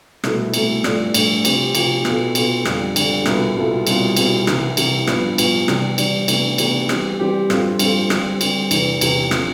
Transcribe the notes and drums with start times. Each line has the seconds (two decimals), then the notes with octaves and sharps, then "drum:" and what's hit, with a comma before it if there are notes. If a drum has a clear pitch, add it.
0.24 C2 B2 A3 E4 A4, drum: rim click
0.54 C2 B2 A3 E4 A4, drum: cymbal
0.84 G2 F3 A3 D4, drum: rim click
1.14 G2 F3 A3 D4, drum: cymbal
1.45 C3 F3 C4 G4, drum: cymbal
1.75 C3 F3 C4 G4, drum: cymbal
2.05 B2 B3 F4 A4, drum: rim click
2.35 B2 B3 F4 A4, drum: cymbal
2.65 F2 D3 G3, drum: rim click
2.96 F2 D3 G3, drum: cymbal
3.26 C2 B2 B3 F4 A4, drum: rim click
3.56 C2 B2 B3 F4 A4
3.87 C2 B2 G3 C4 F4, drum: cymbal
4.16 C2 B2 G3 C4 F4, drum: cymbal
4.47 C2 C3 E3, drum: rim click
4.77 C2 C3 E3, drum: cymbal
5.07 G2 F3 B3, drum: rim click
5.38 G2 F3 B3, drum: cymbal
5.68 C3 E3 G3 D4, drum: rim click
5.98 C3 E3 G3 D4, drum: cymbal
6.28 D2 C3 E3 B3 D4, drum: cymbal
6.58 D2 C3 E3 B3 D4, drum: cymbal
6.89 E3 G3 C4 G4, drum: rim click
7.20 E3 G3 C4 G4
7.50 G2 F3 C4 F4 A4, drum: rim click
7.79 G2 F3 C4 F4 A4, drum: cymbal
8.10 D3 G3 C4, drum: rim click
8.41 D3 G3 C4, drum: cymbal
8.71 E2 C3 E3, drum: cymbal
9.01 E2 C3 E3, drum: cymbal
9.31 D3 F3 C4, drum: rim click